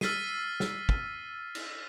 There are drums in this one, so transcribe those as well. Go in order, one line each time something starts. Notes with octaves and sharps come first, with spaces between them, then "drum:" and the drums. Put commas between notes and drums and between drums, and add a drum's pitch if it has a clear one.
E6 F6 A6 B6 C7 D#7, drum: snare
drum: snare
drum: kick
drum: cymbal